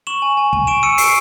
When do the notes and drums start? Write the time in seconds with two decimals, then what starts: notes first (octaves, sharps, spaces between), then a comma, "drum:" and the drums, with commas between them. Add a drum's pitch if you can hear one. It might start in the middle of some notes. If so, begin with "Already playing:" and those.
0.07 C#6 E7 F#7
0.22 G#5
0.37 G#5
0.53 G#5, drum: kick
0.67 C#6 D7 E7
0.83 E6 C#7 D#7
0.98 C#6 C7 D7, drum: open hi-hat